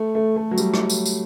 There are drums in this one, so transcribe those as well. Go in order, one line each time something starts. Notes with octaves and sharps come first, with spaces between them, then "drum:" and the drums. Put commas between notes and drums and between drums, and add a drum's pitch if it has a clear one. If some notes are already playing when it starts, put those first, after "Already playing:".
Already playing: A3
A3
A3
F#3
G3, drum: tambourine
drum: rim click
drum: tambourine
drum: tambourine